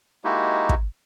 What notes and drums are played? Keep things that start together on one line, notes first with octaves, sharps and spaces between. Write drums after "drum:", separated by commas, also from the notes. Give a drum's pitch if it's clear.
G#3 A#3 D#4 E4 F#4 G4
drum: kick